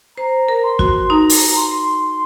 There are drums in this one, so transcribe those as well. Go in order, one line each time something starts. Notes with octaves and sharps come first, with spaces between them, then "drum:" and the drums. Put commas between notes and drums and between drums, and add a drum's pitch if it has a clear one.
C5 A#5
A#4
C6
F#4, drum: kick
D#4 A#5
drum: open hi-hat
C6